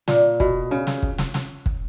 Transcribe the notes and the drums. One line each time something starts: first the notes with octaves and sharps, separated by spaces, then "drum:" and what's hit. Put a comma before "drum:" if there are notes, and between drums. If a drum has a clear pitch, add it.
A#2, drum: snare
B2, drum: kick
C#3
drum: snare
drum: kick
drum: snare
drum: snare
drum: kick